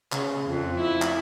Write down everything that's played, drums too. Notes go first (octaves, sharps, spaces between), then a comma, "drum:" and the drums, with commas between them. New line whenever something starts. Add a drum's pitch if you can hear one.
C#3, drum: clap
F2
E4
drum: clap